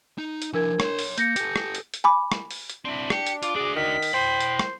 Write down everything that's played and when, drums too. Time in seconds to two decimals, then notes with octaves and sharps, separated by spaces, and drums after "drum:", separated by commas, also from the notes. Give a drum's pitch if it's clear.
0.18 D#4
0.42 drum: hi-hat
0.54 F3 D4 E4 A#4 G#6
0.80 C#5 C6, drum: rim click
0.99 drum: open hi-hat
1.18 A#3 G6 A#6 C#7, drum: hi-hat
1.36 G4 A4, drum: hi-hat
1.56 drum: rim click
1.75 drum: hi-hat
1.94 drum: hi-hat
2.04 G#5 B5 D6
2.32 drum: rim click
2.51 drum: open hi-hat
2.70 drum: hi-hat
2.85 C4 D4 E4
3.10 G4 C#7, drum: rim click
3.27 drum: hi-hat
3.43 F4 D6, drum: hi-hat
3.56 D4 F#4 G#4
3.76 D#3 B6
4.02 drum: open hi-hat
4.14 E4 C5 G5
4.40 drum: hi-hat
4.59 drum: rim click